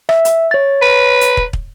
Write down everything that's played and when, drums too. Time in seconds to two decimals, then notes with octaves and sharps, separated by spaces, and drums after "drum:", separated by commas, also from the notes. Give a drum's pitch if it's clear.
0.09 E5, drum: rim click
0.25 drum: hi-hat
0.51 C#5 A6
0.82 B4
1.21 drum: hi-hat
1.37 drum: kick
1.53 drum: kick